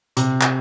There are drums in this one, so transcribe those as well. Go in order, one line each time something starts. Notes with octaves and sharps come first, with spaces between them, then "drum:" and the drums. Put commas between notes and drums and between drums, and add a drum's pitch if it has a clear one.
C3, drum: hi-hat
drum: clap